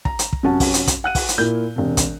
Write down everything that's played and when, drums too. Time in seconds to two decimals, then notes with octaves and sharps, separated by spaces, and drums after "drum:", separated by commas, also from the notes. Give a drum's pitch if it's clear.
0.05 A#5, drum: kick
0.19 drum: hi-hat
0.33 drum: kick
0.43 F#2 C3 C#4 F#4 A5
0.60 drum: kick, open hi-hat
0.74 drum: hi-hat
0.87 drum: kick, hi-hat
1.04 F#5 F#6 D#7
1.15 drum: kick, open hi-hat
1.29 drum: hi-hat
1.38 A#2 A#3 E4 G6
1.76 E1 C3
1.97 drum: kick, hi-hat